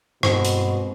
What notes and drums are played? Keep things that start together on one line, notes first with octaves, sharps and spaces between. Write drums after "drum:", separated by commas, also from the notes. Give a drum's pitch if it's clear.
G2 B2 G#3 C4, drum: rim click
drum: hi-hat